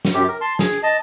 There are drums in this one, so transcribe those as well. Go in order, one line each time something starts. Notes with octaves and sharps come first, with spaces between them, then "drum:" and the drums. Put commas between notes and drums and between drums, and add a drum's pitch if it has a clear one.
drum: snare
F#2 G4
A#4
A5 C6
G#4, drum: snare
drum: hi-hat
D#5 A5